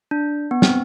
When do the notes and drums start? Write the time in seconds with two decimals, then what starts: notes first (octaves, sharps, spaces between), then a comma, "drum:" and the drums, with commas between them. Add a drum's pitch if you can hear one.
0.11 D4
0.51 B3
0.62 C4, drum: snare